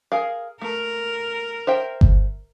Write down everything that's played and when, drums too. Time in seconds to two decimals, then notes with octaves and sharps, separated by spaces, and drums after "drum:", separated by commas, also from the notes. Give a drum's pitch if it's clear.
0.12 G#4 A#4 F5
0.61 A3 A#4
1.67 C5 E5 G5
2.01 drum: kick G1